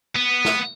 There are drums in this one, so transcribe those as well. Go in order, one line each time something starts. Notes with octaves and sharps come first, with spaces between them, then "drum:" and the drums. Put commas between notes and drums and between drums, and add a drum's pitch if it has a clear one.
B3
drum: snare